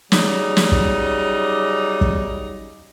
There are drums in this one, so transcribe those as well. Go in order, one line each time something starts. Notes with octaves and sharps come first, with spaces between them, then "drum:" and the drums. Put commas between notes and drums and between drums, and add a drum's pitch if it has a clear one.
C#3 F#3 G3 D#4, drum: snare
drum: snare
drum: kick
drum: kick